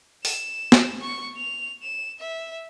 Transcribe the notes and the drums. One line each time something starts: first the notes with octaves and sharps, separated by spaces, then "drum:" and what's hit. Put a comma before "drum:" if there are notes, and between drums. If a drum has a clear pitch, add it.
E7, drum: open hi-hat
drum: snare
C#6
F7
E7
E5